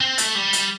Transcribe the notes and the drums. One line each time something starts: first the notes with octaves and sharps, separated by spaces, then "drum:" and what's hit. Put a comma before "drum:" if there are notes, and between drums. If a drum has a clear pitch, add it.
C4
A3, drum: hi-hat
G3
drum: hi-hat